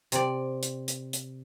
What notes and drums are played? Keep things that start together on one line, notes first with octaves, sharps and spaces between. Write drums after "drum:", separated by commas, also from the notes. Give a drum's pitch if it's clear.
C3 D5, drum: hi-hat
drum: hi-hat
drum: hi-hat
drum: hi-hat